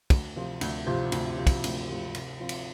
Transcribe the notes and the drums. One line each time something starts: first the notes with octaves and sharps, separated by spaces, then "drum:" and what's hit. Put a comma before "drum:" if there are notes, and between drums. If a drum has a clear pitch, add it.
D2, drum: kick, cymbal
C3 F3 C4 F4
D2, drum: cymbal
C3 F3 C4 F4
D2, drum: cymbal
C3 F3 C4 F4
drum: kick, cymbal
D2, drum: cymbal
C3 F3 C4 F4
C3, drum: cymbal
F3 C4 F4
drum: cymbal